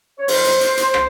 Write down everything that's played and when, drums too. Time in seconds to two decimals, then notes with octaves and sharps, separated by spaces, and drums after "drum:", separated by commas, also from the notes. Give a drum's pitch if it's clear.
0.19 C#5
0.28 F2 D#3 F#3 C5, drum: open hi-hat
0.45 drum: hi-hat
0.61 drum: hi-hat
0.77 drum: hi-hat
0.94 drum: rim click